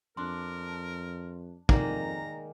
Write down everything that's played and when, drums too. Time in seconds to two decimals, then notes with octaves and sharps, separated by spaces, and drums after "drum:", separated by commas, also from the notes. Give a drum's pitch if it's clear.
0.17 F2 D4 A#4 C6
1.69 F2 D#3 G#3 A#3 D#4 A#4 D5 A#5, drum: kick